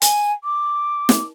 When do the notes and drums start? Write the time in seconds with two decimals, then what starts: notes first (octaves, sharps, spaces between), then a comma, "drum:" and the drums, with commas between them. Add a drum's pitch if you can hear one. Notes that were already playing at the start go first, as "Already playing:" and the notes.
0.02 G#5, drum: hi-hat
0.44 D6
1.09 drum: snare